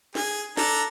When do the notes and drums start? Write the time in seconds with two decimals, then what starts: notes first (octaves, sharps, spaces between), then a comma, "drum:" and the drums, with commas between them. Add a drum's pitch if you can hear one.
0.15 G#4, drum: snare
0.57 D4 A4 A#5, drum: snare